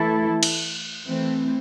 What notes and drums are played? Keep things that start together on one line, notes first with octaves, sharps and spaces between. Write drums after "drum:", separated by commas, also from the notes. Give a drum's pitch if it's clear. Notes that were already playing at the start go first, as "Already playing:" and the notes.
Already playing: E3 A3 E4 A4
drum: cymbal
E3 A3 C4